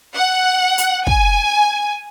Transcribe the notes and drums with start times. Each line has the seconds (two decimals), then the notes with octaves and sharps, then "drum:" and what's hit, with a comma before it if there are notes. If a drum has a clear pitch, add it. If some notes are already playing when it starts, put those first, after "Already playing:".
0.15 F#5
0.78 drum: hi-hat
1.07 G#5, drum: kick